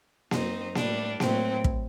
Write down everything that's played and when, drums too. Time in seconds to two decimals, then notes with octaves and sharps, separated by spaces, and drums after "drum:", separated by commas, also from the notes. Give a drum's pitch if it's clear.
0.31 F#2 F#3 C4 D#4, drum: snare A#3
0.75 A2 G3 D4, drum: snare A#3
1.20 A2 F#3 C4, drum: snare A#3
1.64 drum: kick